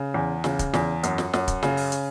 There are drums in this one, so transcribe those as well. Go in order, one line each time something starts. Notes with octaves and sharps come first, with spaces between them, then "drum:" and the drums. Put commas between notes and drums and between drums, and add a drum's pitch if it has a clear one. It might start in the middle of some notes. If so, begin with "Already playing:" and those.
Already playing: C#3
E2
C#3, drum: snare
drum: kick, hi-hat
E2, drum: snare
F#2, drum: hi-hat
drum: snare
F#2, drum: snare
drum: kick, hi-hat
C#3, drum: snare
drum: open hi-hat
drum: hi-hat